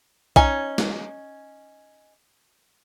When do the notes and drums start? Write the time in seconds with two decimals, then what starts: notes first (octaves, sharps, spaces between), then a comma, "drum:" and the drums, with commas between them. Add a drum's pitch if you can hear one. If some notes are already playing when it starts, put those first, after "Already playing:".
0.36 C#4 D#4 G#5, drum: kick B1
0.78 drum: snare